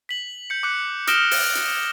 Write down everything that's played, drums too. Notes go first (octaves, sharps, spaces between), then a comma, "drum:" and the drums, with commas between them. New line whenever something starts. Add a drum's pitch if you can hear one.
B6 F#7
G6 C#7
D6 F#6 C#7
D#6 F6 A#6 D7 E7 G7, drum: hi-hat
drum: open hi-hat
drum: hi-hat